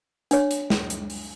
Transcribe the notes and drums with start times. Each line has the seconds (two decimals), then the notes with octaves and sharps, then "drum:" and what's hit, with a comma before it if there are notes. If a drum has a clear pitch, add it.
0.31 D4 C#5, drum: hi-hat
0.51 drum: hi-hat
0.70 drum: snare
0.90 drum: hi-hat
1.10 drum: open hi-hat